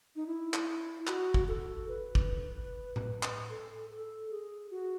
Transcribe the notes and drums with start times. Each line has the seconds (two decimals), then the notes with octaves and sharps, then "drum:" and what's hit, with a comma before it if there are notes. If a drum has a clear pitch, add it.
0.16 D#4
0.27 E4
0.54 drum: clap
1.07 F#4, drum: clap
1.34 drum: kick
1.48 A4
1.88 B4
2.15 drum: kick
2.96 drum: tom A2
3.23 drum: clap
3.50 A4
3.91 A4
4.31 G#4
4.71 F#4